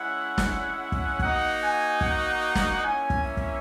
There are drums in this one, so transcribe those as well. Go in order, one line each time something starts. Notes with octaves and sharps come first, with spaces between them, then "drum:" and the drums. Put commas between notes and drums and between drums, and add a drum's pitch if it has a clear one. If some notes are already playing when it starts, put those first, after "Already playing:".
Already playing: G#3 C#4 E4 F#5
drum: snare
drum: kick
A#3 D#4 F#4 F#5, drum: kick
G#5
F#5, drum: kick
drum: snare
A#3 C#4 E4 G#5
drum: kick
E5
drum: kick